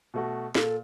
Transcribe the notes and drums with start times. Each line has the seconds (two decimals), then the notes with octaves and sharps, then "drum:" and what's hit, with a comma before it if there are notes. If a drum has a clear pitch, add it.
0.14 B2 A3 F#4
0.55 A#2 A4, drum: snare